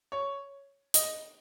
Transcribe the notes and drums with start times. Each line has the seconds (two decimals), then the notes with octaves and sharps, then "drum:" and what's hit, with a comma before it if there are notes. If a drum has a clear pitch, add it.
0.12 C#5
0.94 D#5, drum: hi-hat